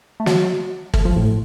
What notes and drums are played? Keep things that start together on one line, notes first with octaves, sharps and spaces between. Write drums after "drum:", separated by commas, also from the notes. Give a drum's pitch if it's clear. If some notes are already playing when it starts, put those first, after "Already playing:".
A3
F#3, drum: snare
A3, drum: kick G#1
F3
A2